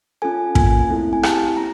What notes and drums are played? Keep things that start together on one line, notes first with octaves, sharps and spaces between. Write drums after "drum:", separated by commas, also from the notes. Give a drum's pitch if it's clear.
C#4 F4 A4 G#5
A#3 C#4 F4 G#5, drum: kick
A3 C4 E4 A4
G#5
C4 E4 G4 A5, drum: rim click
A#3 C#4 A#5